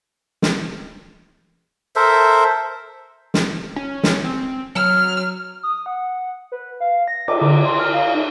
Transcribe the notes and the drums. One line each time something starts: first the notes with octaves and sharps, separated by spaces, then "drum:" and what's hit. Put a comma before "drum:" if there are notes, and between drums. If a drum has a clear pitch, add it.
drum: snare
A4 A#4 C5 E5
drum: snare
C#4
drum: snare
C4
F#3 F6
D#6
F#5
B4
F5
A#6
D6, drum: cymbal
D3
C6
F6
F5
D#4